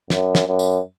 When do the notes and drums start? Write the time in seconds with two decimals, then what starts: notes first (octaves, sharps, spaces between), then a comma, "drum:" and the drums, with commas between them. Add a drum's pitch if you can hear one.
0.10 F#2, drum: snare
0.35 drum: snare
0.47 F#2
0.59 drum: tambourine